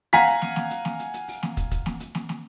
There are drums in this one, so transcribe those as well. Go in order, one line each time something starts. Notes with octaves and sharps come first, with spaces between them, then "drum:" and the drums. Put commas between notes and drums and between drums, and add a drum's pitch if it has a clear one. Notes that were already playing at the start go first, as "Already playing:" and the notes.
F5 F#5 G#5 A#5 B6, drum: snare
drum: hi-hat
drum: snare
drum: snare
drum: hi-hat
drum: snare
drum: hi-hat
drum: hi-hat
drum: open hi-hat
drum: snare
drum: kick, hi-hat
drum: kick, hi-hat
drum: snare
drum: hi-hat
drum: snare
drum: snare